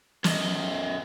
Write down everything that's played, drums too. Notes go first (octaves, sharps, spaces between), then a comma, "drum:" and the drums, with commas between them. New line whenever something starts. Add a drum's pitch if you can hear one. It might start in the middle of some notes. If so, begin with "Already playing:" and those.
F#2 D#5, drum: snare